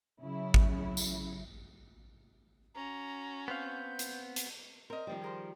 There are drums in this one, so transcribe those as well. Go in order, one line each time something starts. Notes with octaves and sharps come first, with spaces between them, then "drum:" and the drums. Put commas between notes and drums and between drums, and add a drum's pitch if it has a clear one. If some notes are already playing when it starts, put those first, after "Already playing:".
C#3 F#3 E4
drum: kick G#1
drum: tambourine
C#4 F#4 A#5
B3 C4 F5 G6
drum: hi-hat
drum: hi-hat
C4 A#4 D#5
D#3 F3 G3
G#4 A#4 C5